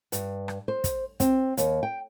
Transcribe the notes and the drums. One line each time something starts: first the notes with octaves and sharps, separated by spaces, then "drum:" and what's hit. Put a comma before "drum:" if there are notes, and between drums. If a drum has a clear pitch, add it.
G2, drum: hi-hat
drum: rim click
C5
drum: kick, hi-hat
C4, drum: kick, hi-hat
D#2, drum: hi-hat
G5